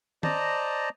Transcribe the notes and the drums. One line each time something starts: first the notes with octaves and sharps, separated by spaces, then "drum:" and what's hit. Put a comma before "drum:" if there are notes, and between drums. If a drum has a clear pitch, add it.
C5 D5 D#5 A5 A#5, drum: tom